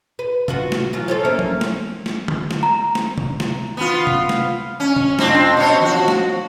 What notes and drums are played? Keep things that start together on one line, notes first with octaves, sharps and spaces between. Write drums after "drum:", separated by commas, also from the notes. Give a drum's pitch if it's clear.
B4
F4 F#4 B4, drum: tom C3
drum: snare
E3 F#3 F4
A4 C5 C#5
A#3 C#4 E5
drum: tom
drum: snare
drum: snare
drum: tom
drum: snare
A#5
drum: snare
drum: tom C3
drum: snare
B3 F4
drum: tom C3
drum: snare
C#4
drum: tom C3
F2 C4 D4, drum: snare
B2 C4 C#5
F3 F#4
drum: snare